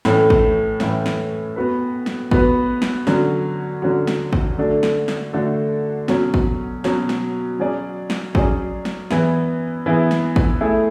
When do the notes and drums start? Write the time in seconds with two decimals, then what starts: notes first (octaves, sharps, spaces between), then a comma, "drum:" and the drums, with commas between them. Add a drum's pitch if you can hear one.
0.05 A2 E3 A3 C#4, drum: snare
0.30 drum: kick A1
0.80 A2 E3 A3 C#4, drum: snare
1.06 drum: snare
1.56 B3 F#4 B4
2.06 drum: snare
2.31 B3 F#4 B4, drum: kick A1
2.82 drum: snare
3.07 D3 F#3 C#4 F#4, drum: snare
3.82 D3 F#3 C#4 F#4
4.07 drum: snare
4.33 drum: kick A1
4.58 D3 A3 D4 F#4 A4
4.83 drum: snare
5.08 drum: snare
5.33 D3 A3 D4 F#4 A4
6.08 B2 F#3 C#4, drum: snare
6.34 drum: kick A1
6.84 B2 F#3 C#4, drum: snare
7.09 drum: snare
7.60 F#3 C#4 G#4 D5
8.10 drum: snare
8.35 F#3 C#4 G#4 D5, drum: kick A1
8.85 drum: snare
9.11 E3 B3 E4 G#4, drum: snare
9.86 E3 B3 E4 G#4
10.11 drum: snare
10.36 drum: kick A1
10.61 A3 E4 G#4